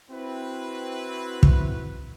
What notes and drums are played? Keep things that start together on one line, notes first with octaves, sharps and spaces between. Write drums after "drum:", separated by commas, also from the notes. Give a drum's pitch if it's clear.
C4 E4 F#4 B4
drum: kick